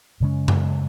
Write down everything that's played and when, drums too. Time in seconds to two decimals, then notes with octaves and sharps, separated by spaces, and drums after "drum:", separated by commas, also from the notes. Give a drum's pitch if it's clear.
0.20 F#2 C#3 G#3 C#4
0.48 drum: tom F#2